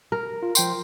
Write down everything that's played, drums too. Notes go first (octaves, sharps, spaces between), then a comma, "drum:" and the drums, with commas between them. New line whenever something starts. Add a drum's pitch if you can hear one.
A#4
F4
F3 G5 C6, drum: tambourine